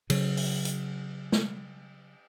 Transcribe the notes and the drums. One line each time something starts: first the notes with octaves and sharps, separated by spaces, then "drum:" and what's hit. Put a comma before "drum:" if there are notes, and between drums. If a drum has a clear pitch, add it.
C#3 F#3, drum: cymbal
drum: open hi-hat
drum: hi-hat
drum: snare